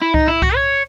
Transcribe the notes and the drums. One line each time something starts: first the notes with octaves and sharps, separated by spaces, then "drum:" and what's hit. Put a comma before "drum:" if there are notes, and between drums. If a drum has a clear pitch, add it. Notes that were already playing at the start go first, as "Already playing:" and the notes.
E4
D#4, drum: kick C2
E4
F#4, drum: kick C2
C#5